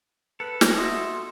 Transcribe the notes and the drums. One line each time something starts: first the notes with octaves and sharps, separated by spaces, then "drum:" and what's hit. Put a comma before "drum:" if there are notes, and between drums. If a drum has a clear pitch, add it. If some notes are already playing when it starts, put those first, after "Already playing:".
A4 B4
drum: snare
F#4 D#5 E5 C6